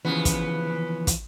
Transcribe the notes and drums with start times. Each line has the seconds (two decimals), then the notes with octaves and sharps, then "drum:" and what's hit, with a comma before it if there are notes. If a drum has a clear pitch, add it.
0.05 D#2 C#3 E3 F3 B3
0.25 drum: kick, hi-hat
1.07 drum: kick, hi-hat